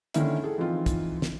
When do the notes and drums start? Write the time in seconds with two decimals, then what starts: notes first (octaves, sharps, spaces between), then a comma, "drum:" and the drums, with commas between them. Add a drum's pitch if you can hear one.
0.14 D3 D#3 A#3 C#4 D#4 E4, drum: hi-hat
0.44 G#4 A4
0.58 E3 F3 C4 D#4 F4
0.86 drum: kick, hi-hat
1.22 drum: snare